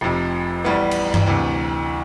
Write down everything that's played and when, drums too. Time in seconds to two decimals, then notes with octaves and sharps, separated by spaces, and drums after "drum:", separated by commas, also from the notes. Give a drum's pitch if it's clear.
0.01 F1 F2 C3 F3
0.64 A1 A2 G3 B3 E4
0.91 drum: cymbal
1.14 drum: tom G2
1.27 D2 C3 E3